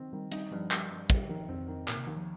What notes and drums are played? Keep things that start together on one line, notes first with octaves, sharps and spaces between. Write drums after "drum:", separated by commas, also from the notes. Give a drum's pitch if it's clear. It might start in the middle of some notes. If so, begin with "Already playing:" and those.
Already playing: D#3 C4
D#3 G3
G3 D#4, drum: hi-hat
G2 F3
G3, drum: clap
G2
G3 G4, drum: kick, hi-hat
D#3 F3
F2 C4
D#3
A#2 A#3, drum: clap
C3
D#2 D#3
F3